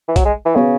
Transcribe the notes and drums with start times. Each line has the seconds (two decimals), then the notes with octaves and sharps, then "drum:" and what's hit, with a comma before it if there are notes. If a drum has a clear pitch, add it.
0.08 E3
0.16 F#3, drum: kick B1, hi-hat
0.25 G#3
0.45 E3
0.56 C#3 B3 F#4 C#5